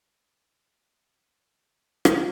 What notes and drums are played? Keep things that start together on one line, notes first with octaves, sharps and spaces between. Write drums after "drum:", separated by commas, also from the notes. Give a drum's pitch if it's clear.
C3 D#3 G#3 A#4
C5
A#4
drum: rim click